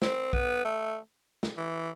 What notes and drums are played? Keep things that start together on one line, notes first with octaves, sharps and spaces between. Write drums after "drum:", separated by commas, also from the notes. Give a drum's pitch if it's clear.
C4, drum: snare
B3, drum: kick B1
A3
drum: snare
E3